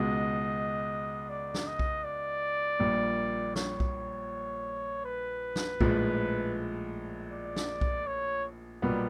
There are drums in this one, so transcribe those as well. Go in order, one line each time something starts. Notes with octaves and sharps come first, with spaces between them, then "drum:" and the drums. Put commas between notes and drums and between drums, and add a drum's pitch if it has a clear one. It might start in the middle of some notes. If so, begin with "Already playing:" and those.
Already playing: C#2 B2 G#3 D#5
D5
drum: snare
D#5
drum: kick B1
D5
A#1 A#2 G3
C#5, drum: snare
drum: kick B1
B4
drum: snare
A#1 A2 F3 G#3, drum: kick B1
D5
drum: snare
drum: kick B1
C#5
B1 A#2 G3 B3